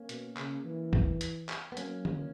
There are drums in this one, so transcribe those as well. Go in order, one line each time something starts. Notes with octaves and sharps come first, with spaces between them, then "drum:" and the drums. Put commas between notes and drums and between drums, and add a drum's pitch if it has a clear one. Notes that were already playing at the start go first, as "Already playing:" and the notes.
Already playing: A#3 C#4
B2, drum: hi-hat
C#3, drum: clap
E3
drum: kick
drum: hi-hat
drum: clap
B3
F#3 A#3 C#4, drum: hi-hat
drum: tom D3